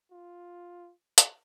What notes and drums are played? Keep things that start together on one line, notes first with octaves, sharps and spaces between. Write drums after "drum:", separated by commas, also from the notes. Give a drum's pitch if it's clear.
F4
drum: hi-hat